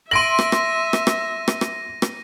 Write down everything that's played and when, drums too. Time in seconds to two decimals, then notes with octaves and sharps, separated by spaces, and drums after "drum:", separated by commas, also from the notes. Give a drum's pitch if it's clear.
0.11 E5 C6 A#6 D7 D#7 F#7
0.39 drum: rim click
0.52 drum: rim click
0.93 drum: rim click
1.07 drum: rim click
1.48 drum: rim click
1.61 drum: rim click
2.02 drum: rim click